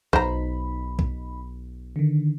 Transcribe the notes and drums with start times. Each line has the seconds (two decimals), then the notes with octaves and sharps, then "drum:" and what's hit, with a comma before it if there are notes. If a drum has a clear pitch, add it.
0.13 B1 D#4 C5 A#5 B5, drum: kick A#1
0.99 drum: kick A#1
1.96 D3 D#3